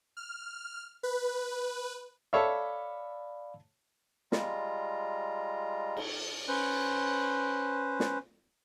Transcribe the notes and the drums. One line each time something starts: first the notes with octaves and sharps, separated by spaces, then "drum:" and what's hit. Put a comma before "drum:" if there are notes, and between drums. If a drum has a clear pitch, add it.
F6
B4
A4 C#5 D5 E5 F5 B5
G3 G#3 F4 A#5, drum: snare
drum: cymbal
C#4 B4 C5
drum: snare